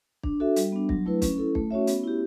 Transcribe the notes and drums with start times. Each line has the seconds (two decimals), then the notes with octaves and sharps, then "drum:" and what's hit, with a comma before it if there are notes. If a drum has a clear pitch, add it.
0.23 D4, drum: kick
0.40 F#4 A4 E5
0.56 G3, drum: hi-hat
0.72 B3 D4
0.89 F#3, drum: kick
1.06 A3 E4 B4
1.22 C#4, drum: kick, hi-hat
1.38 E4 A4
1.55 A3, drum: kick
1.71 C#4 F#4 C#5 E5
1.87 B3, drum: hi-hat
2.04 E4 G4